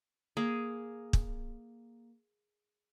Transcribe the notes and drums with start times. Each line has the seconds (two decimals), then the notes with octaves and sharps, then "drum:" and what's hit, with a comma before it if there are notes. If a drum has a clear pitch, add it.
0.37 A#3 G#4
1.13 drum: kick